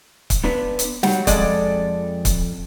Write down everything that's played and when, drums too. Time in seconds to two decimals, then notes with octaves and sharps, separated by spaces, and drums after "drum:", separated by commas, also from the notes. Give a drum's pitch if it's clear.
0.30 drum: kick C#1, hi-hat
0.44 B3 D4 B4
0.79 drum: hi-hat
1.03 F#3 G3 F#5, drum: snare
1.27 F2 G#3 A4 D5, drum: kick C#1, hi-hat
2.25 drum: kick C#1, hi-hat